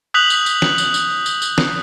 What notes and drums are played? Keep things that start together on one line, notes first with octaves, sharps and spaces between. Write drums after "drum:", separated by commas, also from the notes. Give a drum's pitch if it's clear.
D#6 F#6 G6 B6 F7 F#7
drum: tambourine
drum: tambourine
drum: snare
drum: tambourine
drum: tambourine
drum: tambourine
drum: tambourine
drum: snare